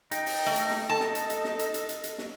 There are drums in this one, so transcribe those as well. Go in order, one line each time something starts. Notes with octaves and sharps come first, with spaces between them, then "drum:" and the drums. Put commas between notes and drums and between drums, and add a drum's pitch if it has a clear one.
D#4 D#5 G5, drum: hi-hat
drum: open hi-hat
A3
drum: hi-hat
drum: snare
A4 A5
drum: snare
drum: hi-hat
drum: hi-hat
drum: snare
drum: hi-hat
drum: hi-hat
drum: hi-hat
drum: hi-hat
drum: snare